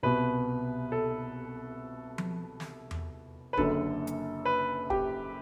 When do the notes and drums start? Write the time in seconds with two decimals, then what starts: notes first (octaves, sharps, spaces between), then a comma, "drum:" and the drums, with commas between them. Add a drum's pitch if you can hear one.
0.03 C2 B2 B4
0.92 A4
2.18 drum: tom F3
2.60 drum: snare
2.91 drum: tom E2
3.53 B4
3.57 F#1 F#2 D3 A4, drum: kick
4.07 drum: hi-hat
4.45 B4
4.90 G4, drum: kick